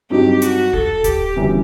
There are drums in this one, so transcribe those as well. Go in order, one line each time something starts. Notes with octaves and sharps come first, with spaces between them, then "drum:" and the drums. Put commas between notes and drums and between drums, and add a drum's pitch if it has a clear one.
G2 F#3 C4 D#4 G4
F#4, drum: hi-hat
A4, drum: kick D#1
G4, drum: kick D#1, hi-hat
G1 F#2 E3 G3